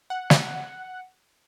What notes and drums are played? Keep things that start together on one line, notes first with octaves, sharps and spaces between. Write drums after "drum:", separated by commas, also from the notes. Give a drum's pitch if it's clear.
F#5
drum: snare